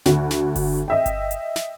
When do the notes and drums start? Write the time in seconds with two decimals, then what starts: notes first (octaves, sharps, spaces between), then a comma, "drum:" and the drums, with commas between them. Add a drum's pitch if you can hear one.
0.05 D2 F#4, drum: snare
0.31 drum: snare
0.56 drum: kick G1, open hi-hat
0.88 D#5 E5 G5
1.06 drum: kick G1, hi-hat
1.31 drum: hi-hat
1.56 drum: snare